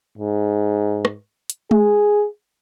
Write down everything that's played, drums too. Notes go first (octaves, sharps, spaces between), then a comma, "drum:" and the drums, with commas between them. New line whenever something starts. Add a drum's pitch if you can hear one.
G#2
drum: rim click
drum: hi-hat
G#4, drum: tom G#3